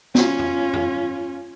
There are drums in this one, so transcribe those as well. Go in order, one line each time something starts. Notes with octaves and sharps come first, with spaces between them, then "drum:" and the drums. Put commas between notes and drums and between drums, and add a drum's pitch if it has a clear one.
C#4 F4, drum: snare
drum: tom F2
drum: tom F2